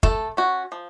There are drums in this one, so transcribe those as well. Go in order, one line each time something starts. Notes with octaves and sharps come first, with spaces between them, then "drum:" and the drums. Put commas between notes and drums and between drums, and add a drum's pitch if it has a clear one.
A3 A4, drum: kick
C#4 F#4
F3